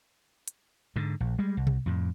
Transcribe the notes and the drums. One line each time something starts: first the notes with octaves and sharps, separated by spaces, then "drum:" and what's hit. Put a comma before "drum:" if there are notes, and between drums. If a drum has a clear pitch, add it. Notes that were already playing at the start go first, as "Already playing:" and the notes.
drum: hi-hat
G#2 D3
A#1
G3 G#3
C2
drum: tom B2
F2 A2